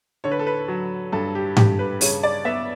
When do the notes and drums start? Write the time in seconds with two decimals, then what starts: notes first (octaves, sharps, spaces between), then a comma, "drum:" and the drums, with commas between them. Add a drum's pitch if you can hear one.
0.24 D3 C#5
0.31 B4
0.39 A4
0.47 B4
0.68 F#3
1.12 G2 A4
1.35 G4
1.57 G2 G4, drum: tom G#2
1.79 B4
2.01 C#3 C#5, drum: open hi-hat
2.23 D5
2.45 B3 E5